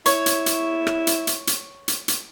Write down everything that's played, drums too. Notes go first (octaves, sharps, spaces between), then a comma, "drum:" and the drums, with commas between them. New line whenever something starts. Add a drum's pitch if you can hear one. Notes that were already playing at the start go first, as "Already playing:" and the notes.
E4 C#5, drum: hi-hat
drum: hi-hat
drum: hi-hat
drum: rim click
drum: hi-hat
drum: hi-hat
drum: hi-hat
drum: hi-hat
drum: hi-hat